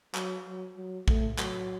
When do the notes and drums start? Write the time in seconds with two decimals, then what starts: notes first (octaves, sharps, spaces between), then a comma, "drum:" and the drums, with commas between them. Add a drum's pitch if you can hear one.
0.15 F#3, drum: clap
0.45 F#3
0.77 F#3
1.08 A3, drum: kick
1.39 F#3, drum: clap